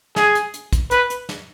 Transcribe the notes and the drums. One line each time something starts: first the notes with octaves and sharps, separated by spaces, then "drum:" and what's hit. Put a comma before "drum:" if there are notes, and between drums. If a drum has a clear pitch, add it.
G#4, drum: snare
drum: hi-hat
drum: hi-hat
drum: kick, hi-hat
B4, drum: hi-hat
drum: hi-hat
drum: snare